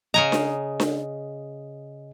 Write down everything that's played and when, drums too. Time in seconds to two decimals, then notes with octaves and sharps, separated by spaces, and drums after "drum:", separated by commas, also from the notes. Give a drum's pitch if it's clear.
0.14 C#3 D#5 G#5 A#5
0.32 drum: snare D4
0.80 drum: snare D4